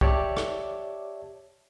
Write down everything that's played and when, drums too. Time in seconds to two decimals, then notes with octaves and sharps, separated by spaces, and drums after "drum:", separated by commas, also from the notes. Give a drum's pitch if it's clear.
0.01 G4 C#5 D5 E5 A5, drum: kick
0.37 drum: rim click